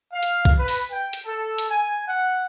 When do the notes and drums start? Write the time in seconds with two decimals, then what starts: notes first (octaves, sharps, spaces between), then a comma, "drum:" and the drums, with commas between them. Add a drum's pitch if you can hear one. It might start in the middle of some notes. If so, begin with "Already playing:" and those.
0.12 F5
0.23 drum: hi-hat
0.45 drum: kick B1
0.59 B4
0.68 drum: open hi-hat
0.91 G5
1.13 drum: hi-hat
1.25 A4
1.58 drum: hi-hat
1.69 G#5
2.07 F#5